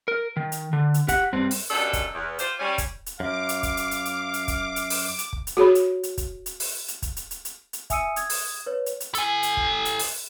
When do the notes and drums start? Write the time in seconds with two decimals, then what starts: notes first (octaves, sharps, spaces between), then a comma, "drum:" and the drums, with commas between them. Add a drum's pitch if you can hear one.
0.08 A#4
0.37 D#3
0.52 drum: hi-hat
0.73 D3
0.94 drum: hi-hat
1.08 G4 F#5, drum: kick, hi-hat
1.33 G2 C4
1.51 drum: open hi-hat
1.70 F#2 B2 G3 D4 A4
1.93 drum: kick, hi-hat
2.13 E2
2.39 F4 G4 C5, drum: hi-hat
2.59 G3 C#4
2.78 drum: kick, hi-hat
3.06 drum: hi-hat
3.20 F#2 F5 D6
3.49 drum: hi-hat
3.63 drum: kick, hi-hat
3.77 drum: hi-hat
3.91 drum: hi-hat
4.05 drum: hi-hat
4.34 drum: hi-hat
4.48 drum: kick, hi-hat
4.76 drum: hi-hat
4.90 drum: open hi-hat
5.19 drum: hi-hat
5.33 drum: kick
5.47 drum: hi-hat
5.57 F#4 G#4 C#5 B5
5.75 drum: hi-hat
6.03 drum: hi-hat
6.18 drum: kick, hi-hat
6.46 drum: hi-hat
6.60 drum: open hi-hat
6.88 drum: hi-hat
7.02 drum: kick, hi-hat
7.17 drum: hi-hat
7.31 drum: hi-hat
7.45 drum: hi-hat
7.73 drum: hi-hat
7.90 E5 G#5 D#6 E6 C#7 D#7, drum: kick, hi-hat
8.16 D#6 G#6, drum: hi-hat
8.30 drum: open hi-hat
8.66 B4 C#5
8.86 drum: hi-hat
9.00 drum: hi-hat
9.15 A4 G#5, drum: hi-hat
9.43 drum: hi-hat
9.57 drum: kick
9.85 drum: hi-hat
9.99 drum: open hi-hat